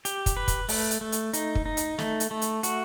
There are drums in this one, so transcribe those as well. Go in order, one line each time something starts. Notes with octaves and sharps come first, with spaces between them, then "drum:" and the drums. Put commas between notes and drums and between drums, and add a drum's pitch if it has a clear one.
G4, drum: hi-hat
drum: kick, hi-hat
B4
drum: kick, hi-hat
A3, drum: open hi-hat
drum: hi-hat
A3
drum: hi-hat
D#4, drum: hi-hat
drum: kick
D#4
drum: hi-hat
A3, drum: snare
drum: hi-hat
A3
drum: hi-hat
F#4, drum: hi-hat